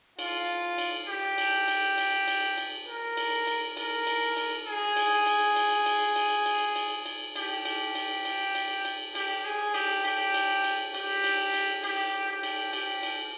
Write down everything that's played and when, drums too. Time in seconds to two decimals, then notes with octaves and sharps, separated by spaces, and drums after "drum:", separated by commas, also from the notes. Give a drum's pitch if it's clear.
0.19 F4, drum: cymbal
0.78 drum: cymbal
1.09 G4
1.38 drum: cymbal
1.68 drum: cymbal
1.98 drum: cymbal
2.28 drum: cymbal
2.57 drum: cymbal
2.87 A#4
3.17 drum: cymbal
3.47 drum: cymbal
3.77 A#4, drum: cymbal
4.07 drum: cymbal
4.37 drum: cymbal
4.67 G#4
4.96 drum: cymbal
5.26 drum: cymbal
5.56 drum: cymbal
5.86 drum: cymbal
6.16 drum: cymbal
6.46 drum: cymbal
6.76 drum: cymbal
7.06 drum: cymbal
7.36 G4, drum: cymbal
7.65 drum: cymbal
7.95 drum: cymbal
8.25 drum: cymbal
8.55 drum: cymbal
8.85 drum: cymbal
9.15 G4, drum: cymbal
9.45 G#4
9.74 G4, drum: cymbal
10.05 G4, drum: cymbal
10.34 drum: cymbal
10.64 drum: cymbal
10.94 G4, drum: cymbal
11.24 drum: cymbal
11.54 drum: cymbal
11.84 G4, drum: cymbal
12.28 G4
12.43 drum: cymbal
12.73 G4, drum: cymbal
13.03 drum: cymbal